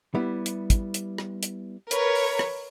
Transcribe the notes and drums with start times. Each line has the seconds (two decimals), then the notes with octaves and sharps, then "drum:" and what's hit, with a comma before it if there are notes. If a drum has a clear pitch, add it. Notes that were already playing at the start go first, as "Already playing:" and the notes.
0.15 G3 B3 E4
0.46 drum: hi-hat
0.70 drum: kick, hi-hat
0.94 drum: hi-hat
1.18 drum: rim click
1.43 drum: hi-hat
1.91 A#4 B4 C#5, drum: hi-hat
2.15 drum: open hi-hat
2.39 drum: rim click